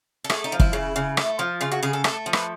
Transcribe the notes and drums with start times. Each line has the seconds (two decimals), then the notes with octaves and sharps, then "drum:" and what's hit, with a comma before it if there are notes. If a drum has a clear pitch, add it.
0.24 A4
0.30 A3 G#4, drum: rim click
0.44 D#4
0.52 F3
0.60 E4, drum: kick
0.73 C#3
0.96 C#3
1.17 A3, drum: rim click
1.39 F3
1.61 C#3 F4
1.72 F#4
1.83 C#3 G#4
1.93 A4
2.04 A3 A4, drum: rim click
2.26 F3
2.33 B4, drum: rim click